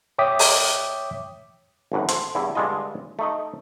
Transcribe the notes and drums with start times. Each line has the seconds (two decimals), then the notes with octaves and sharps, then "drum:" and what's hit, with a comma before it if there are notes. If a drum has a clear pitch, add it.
0.18 C#5 E5 G5 D6 D#6 B6
0.39 drum: open hi-hat
1.92 G#1 F#2 A2 F#5
2.09 A4 C5, drum: hi-hat
2.35 E2 G2 E4
2.55 G2 D3 G#3 F4 D#5
3.19 A3 D#4 D#5